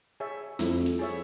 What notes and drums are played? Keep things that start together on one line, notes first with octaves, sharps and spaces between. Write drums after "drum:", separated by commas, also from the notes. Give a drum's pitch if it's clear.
G#4 C#5 E5
F2 E4, drum: snare
drum: hi-hat
G#4 C#5 E5